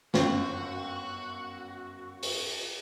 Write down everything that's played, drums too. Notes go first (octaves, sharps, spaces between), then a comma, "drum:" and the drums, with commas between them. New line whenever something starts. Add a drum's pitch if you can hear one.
G1 F#2 F#4 G5, drum: snare
drum: open hi-hat